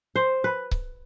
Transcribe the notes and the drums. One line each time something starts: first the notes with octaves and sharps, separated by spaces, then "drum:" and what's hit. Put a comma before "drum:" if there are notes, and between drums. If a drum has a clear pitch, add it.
C5
B4
drum: kick C#1